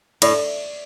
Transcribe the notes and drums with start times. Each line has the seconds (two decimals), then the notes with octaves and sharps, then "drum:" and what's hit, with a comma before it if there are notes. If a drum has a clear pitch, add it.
0.22 A2 D5, drum: cymbal